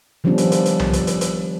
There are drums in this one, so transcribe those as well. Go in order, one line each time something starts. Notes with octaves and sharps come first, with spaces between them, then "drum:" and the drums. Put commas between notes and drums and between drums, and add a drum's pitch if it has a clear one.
D#3 F3 G3 B3 C#4 D4
drum: hi-hat
drum: hi-hat
drum: hi-hat
drum: tom C2
drum: hi-hat
drum: hi-hat
drum: hi-hat